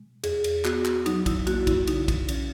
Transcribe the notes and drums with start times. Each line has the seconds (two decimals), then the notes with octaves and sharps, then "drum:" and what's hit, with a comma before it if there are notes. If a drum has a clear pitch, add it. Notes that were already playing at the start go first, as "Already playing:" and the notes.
Already playing: B2 G#3
0.24 E2 G#4, drum: cymbal
0.44 drum: cymbal
0.65 B3 F#4, drum: clap
0.85 drum: clap
1.06 F#3 D#4, drum: cymbal
1.26 E4, drum: kick, cymbal
1.47 A#3 F#4, drum: cymbal
1.67 E4, drum: kick, cymbal
1.87 C#3 D#4, drum: cymbal
2.08 drum: kick, cymbal
2.29 C#4, drum: cymbal